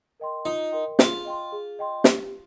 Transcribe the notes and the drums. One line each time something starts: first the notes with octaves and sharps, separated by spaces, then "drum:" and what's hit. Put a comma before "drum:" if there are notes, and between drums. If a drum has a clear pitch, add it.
A#4 D#5 G5 C6
D#4 F4
A#4 D#5 G5 C6
F4 G#4, drum: snare
D#5 G5 C6
G#4
D#5 G5 C6
G4, drum: snare